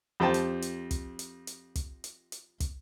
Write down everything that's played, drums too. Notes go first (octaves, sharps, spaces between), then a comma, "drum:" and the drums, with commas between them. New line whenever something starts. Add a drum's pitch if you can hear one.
F2 G4 C5 G5 A5
drum: hi-hat
drum: hi-hat
drum: kick, hi-hat
drum: hi-hat
drum: hi-hat
drum: kick, hi-hat
drum: hi-hat
drum: hi-hat
drum: kick, hi-hat